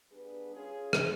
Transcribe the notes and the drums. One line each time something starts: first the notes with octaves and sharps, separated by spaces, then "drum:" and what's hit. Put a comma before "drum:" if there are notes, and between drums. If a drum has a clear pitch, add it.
G3 B3 D4 G#4 B4
C#4 F4 G#4
drum: rim click